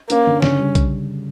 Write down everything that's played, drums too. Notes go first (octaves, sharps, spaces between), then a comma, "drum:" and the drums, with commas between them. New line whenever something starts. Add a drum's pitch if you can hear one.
A#3 C#4, drum: hi-hat
D3
C#3 C#4, drum: snare
G3
drum: kick B1, hi-hat